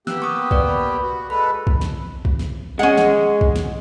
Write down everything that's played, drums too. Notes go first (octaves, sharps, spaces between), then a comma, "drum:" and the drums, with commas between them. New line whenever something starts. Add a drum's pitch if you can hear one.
A#3 B3 G4 E6 F#6, drum: snare
C#6 D#6
B4 D5 F5, drum: kick
B5
F#4
G#3 A4 B4 B5
drum: kick
drum: snare
drum: kick
drum: snare
G#3 C#4 F#5
drum: snare
drum: kick
drum: snare